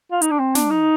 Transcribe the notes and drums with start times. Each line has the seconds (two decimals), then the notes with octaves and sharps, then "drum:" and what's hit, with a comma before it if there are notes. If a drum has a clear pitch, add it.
0.12 F4
0.22 D#4, drum: hi-hat
0.31 D4
0.39 C4
0.55 D4, drum: snare
0.70 D#4